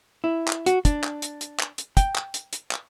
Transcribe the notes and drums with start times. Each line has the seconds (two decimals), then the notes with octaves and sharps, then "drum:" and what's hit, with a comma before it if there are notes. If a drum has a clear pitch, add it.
0.24 E4
0.48 drum: clap
0.66 F#4, drum: hi-hat
0.85 D4, drum: kick, hi-hat
1.04 drum: clap
1.22 drum: hi-hat
1.41 drum: hi-hat
1.60 drum: clap
1.78 drum: hi-hat
1.97 G5, drum: kick, hi-hat
2.15 drum: clap
2.34 drum: hi-hat
2.53 drum: hi-hat
2.71 drum: clap